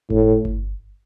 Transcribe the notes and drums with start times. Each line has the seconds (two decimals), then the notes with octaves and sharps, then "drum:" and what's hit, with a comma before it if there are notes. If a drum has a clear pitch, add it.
0.10 A2, drum: kick G1
0.45 drum: kick G1